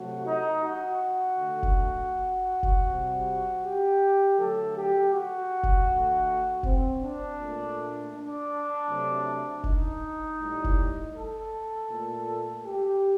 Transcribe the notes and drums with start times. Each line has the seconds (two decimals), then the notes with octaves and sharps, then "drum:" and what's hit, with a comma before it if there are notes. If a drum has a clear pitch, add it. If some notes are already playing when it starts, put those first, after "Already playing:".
Already playing: C3 F#3 A3 F#4
0.25 D#4
0.62 F#4
1.37 D3 A3
1.63 drum: kick F1
2.63 drum: kick F1
2.88 C3 G3
3.63 G4
4.38 D3 F#3 A3 A4
4.76 G4
5.13 F#4
5.63 drum: kick F1
5.88 D3 A3
6.63 C4, drum: kick F1
7.01 D4
7.39 A#2 A3
8.14 D4
8.88 C3 F#3 A3
9.64 D#4, drum: kick F1
10.39 A2 G3
10.64 drum: kick F1
11.14 A4
11.90 A#2 A3
12.65 G4